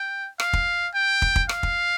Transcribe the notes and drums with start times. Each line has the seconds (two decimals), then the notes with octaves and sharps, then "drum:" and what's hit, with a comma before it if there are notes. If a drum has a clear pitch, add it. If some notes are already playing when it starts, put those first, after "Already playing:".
Already playing: G5
0.40 F5, drum: rim click
0.53 drum: kick
0.94 G5
1.22 drum: kick
1.36 drum: kick
1.49 F5, drum: rim click
1.63 drum: kick